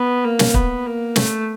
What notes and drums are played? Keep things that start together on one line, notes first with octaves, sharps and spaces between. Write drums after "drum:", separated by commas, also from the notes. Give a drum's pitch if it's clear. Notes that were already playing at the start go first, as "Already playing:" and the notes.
Already playing: B3
A#3
drum: snare
B3, drum: kick
A#3
A3, drum: snare